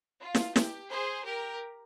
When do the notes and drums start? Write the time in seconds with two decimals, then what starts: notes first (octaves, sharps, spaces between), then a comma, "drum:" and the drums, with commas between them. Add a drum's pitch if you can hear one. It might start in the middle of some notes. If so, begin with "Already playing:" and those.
0.20 F4
0.35 drum: snare
0.56 G4, drum: snare
0.90 G#4 C5
1.25 G4 A#4